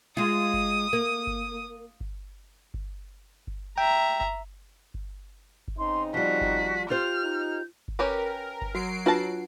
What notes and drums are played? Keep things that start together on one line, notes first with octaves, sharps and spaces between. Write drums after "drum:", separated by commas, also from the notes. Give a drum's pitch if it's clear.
G#3 F4 D#6
drum: kick G1
A#3
drum: kick G1
drum: kick G1
drum: kick G1
drum: kick G1
E5 G5 A#5
drum: kick G1
drum: kick G1
drum: kick G1
C#3 C4 D#4 C6
F3 G3 F#4 B6
drum: kick G1
F4 G4 C5 F6 G6
D#4
drum: kick G1
C#4 G4 A#4 B4
drum: kick G1
F#3 F#4 C7 D7
D4 F4 F#4 B4 F#5 A5